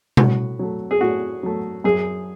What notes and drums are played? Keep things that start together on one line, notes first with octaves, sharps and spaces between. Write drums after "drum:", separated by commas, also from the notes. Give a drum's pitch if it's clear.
A2 F#4, drum: tom B2
F#3 A3
G#4
A2 F#4
F#3 A3
F#2 G#4